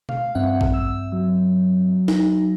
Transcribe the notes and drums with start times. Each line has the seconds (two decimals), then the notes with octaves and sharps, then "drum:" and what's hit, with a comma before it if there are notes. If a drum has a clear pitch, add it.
0.09 F5, drum: tom B2
0.35 G2 C4 E5 F#5
0.61 drum: kick A1
0.73 E6
1.12 F#3
2.08 D#4, drum: snare